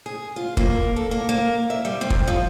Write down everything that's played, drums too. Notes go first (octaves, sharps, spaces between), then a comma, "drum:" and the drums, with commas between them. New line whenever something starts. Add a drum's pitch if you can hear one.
G#4
F4
A#3, drum: kick
A4
A#3
A#3
E5
G3
C4
drum: kick
F3